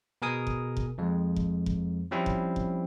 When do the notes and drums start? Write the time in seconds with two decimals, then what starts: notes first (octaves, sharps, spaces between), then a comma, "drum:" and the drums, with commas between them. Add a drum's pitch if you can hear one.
0.22 B2 G#4 A#4 G#5 D#6
0.47 drum: kick F1
0.77 drum: kick F1
0.98 F2 G#3
1.36 drum: kick F1
1.66 drum: kick F1
2.11 F3 G3 C4 C#4 E4
2.26 drum: kick F1
2.56 drum: kick F1